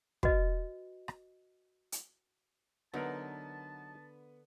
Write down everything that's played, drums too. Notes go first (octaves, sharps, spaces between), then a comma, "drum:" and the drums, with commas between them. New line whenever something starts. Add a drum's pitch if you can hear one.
F#4 B4 D#5, drum: kick
drum: rim click
drum: hi-hat
D3 F#3 B3 D#4 A#4 A5